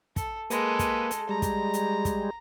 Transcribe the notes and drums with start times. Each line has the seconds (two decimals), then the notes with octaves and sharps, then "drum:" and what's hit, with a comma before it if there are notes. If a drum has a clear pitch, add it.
0.16 A4, drum: kick, hi-hat
0.50 G#3 A#3 A4 B4, drum: hi-hat
0.79 drum: kick, hi-hat
1.11 drum: hi-hat
1.29 G3 G#3 A#5
1.42 drum: kick, hi-hat
1.73 drum: hi-hat
2.05 drum: kick, hi-hat